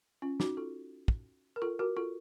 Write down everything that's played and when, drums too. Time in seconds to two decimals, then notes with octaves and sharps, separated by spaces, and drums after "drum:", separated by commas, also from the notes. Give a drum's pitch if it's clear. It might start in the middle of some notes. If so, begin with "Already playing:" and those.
0.22 C#4 F4
0.40 D#4 F#4, drum: snare
0.57 F4 A4
1.08 drum: kick
1.56 A#4
1.62 F4 A4
1.79 F#4 A#4
1.97 F4 A4